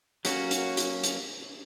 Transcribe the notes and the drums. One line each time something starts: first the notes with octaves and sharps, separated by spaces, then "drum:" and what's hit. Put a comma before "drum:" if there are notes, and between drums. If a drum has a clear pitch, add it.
F#3 A#3 C#4 F#4, drum: hi-hat
drum: hi-hat
drum: hi-hat
drum: hi-hat